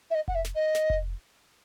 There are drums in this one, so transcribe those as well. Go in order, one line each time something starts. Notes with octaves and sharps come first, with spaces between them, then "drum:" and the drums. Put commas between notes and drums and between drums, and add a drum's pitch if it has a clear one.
E5
D#5
F#5, drum: kick F1
E5
drum: snare
D#5
drum: snare
drum: kick F1